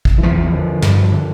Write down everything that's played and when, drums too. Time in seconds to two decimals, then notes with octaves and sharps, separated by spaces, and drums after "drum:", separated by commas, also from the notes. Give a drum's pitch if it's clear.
0.05 drum: kick
0.18 E3
0.23 E2 F3
0.53 D3
0.82 G2, drum: snare
1.12 D3